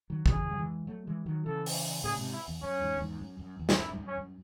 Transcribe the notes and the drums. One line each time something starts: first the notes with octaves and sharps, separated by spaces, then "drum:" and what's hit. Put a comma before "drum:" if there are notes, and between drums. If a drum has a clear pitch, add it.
D#3 F#3
D#3, drum: kick
C#3 E3 G#4
F#3
E3 G#3
F#3 A3
E3 G#3
D#3 F#3
C#3 E3 A4
drum: open hi-hat
A2 C#3 G#4
G#2 C3
E4
E2
F#2 C#4
E2 G#2
F#2
E2 G#2
F#2
F#2
E2
drum: snare
F#2 E4
G#2
F#2
C#4
F#2